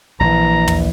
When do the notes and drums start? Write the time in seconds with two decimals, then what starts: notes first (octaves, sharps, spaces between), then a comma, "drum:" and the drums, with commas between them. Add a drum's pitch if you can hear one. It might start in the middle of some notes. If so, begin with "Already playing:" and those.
0.20 A#1 E3 A#5
0.68 drum: tom